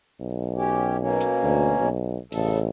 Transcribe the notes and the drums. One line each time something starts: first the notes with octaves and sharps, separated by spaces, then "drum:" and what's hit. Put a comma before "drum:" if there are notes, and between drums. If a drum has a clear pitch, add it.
B1
C#4 G4
B2 A#3 C#4
drum: hi-hat
D2
B1
A1 C#3 A4, drum: open hi-hat